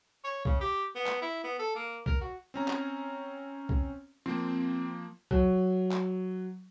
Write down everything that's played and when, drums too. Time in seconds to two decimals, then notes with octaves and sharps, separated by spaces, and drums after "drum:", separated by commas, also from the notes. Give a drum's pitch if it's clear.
0.24 C#5
0.45 C#3, drum: kick C2
0.61 G4
0.96 B3
1.06 drum: clap
1.22 E4
1.44 B3
1.59 A4
1.75 A#3
2.06 A#4, drum: kick C2
2.21 F#4
2.54 C4 C#4 A#5
2.68 drum: clap
3.69 drum: kick C2
4.26 F3 A#3 C4
5.31 F#3, drum: kick C2
5.91 drum: clap